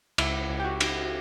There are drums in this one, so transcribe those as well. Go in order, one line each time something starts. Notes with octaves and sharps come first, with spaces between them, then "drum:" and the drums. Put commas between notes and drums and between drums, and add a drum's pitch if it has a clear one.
C#2 E4, drum: cymbal
C#2
G4
F#4
drum: cymbal